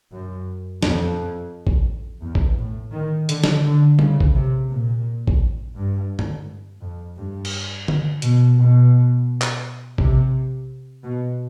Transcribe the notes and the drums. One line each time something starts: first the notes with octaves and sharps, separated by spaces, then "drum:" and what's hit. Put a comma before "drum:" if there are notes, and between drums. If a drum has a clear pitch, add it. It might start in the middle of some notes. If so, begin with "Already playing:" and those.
F#2
F2, drum: snare
drum: kick A1
E2
drum: kick A1
A2
D#3
D3, drum: hi-hat
drum: snare
D3
C#3, drum: tom G3
drum: kick A1
C3
A#2
drum: kick A1
G2
drum: tom
F2
G2
drum: cymbal
drum: tom D3
B2, drum: hi-hat
B2
drum: clap
C3, drum: kick A1
B2